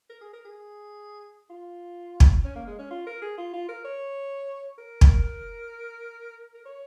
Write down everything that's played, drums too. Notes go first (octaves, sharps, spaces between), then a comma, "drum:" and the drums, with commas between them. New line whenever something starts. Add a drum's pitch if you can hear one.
A#4
G#4
A#4
G#4
F4
drum: kick
C#4
A#3
G#3
C#4
F4
A#4
G#4
F4
F4
A#4
C#5
A#4
drum: kick
A#4
C#5